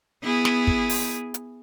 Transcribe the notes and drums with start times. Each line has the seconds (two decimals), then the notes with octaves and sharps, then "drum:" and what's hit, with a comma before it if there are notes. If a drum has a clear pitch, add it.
0.23 B3 E4 G#4
0.45 drum: snare
0.67 drum: kick
0.90 drum: open hi-hat
1.34 drum: hi-hat